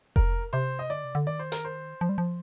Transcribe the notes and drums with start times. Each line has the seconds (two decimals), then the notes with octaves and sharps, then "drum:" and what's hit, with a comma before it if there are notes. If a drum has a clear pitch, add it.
0.16 A#4, drum: kick F1
0.53 C3 C5
0.79 D#5
0.90 D3 D5
1.04 C3
1.15 D3
1.27 D#3 D5
1.39 C5
1.52 A#4, drum: hi-hat
1.65 C5
2.01 F3
2.09 G3
2.18 F3